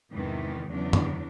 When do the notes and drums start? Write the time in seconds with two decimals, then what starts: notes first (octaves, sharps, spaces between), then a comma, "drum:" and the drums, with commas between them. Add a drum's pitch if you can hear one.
0.13 E2 G#2 C3 D#3 E3
0.68 E2 C#3 F#3 D4
0.93 drum: tom F#2